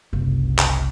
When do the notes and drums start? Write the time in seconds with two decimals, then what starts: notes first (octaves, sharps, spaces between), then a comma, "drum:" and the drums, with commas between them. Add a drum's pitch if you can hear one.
0.13 F#1 C2
0.58 drum: clap